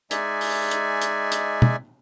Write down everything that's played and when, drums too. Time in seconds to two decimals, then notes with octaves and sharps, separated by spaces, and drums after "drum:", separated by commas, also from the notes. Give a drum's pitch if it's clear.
0.11 G#3 D#4 D5 E5 G#5, drum: hi-hat
0.41 drum: open hi-hat
0.71 drum: hi-hat
1.02 drum: hi-hat
1.32 drum: hi-hat
1.62 drum: tom